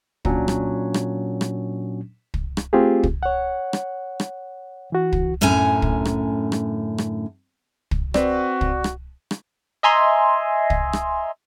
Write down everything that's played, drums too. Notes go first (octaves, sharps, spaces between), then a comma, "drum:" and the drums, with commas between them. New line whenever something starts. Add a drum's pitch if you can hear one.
A#2 F#3 C#4 D4, drum: kick
drum: rim click
drum: rim click
drum: rim click
drum: kick
drum: rim click
A3 C4 F4 G4 G#4
drum: kick
C#5 F#5
drum: rim click
drum: rim click
E3 F#4
drum: kick
F#2 A2 D3 C#4 G#5 A#5
drum: kick
drum: rim click
drum: rim click
drum: rim click
drum: kick
C4 F#4 B4 D5, drum: rim click
drum: kick
drum: rim click
drum: rim click
D#5 E5 G#5 A#5 C6
drum: kick
drum: rim click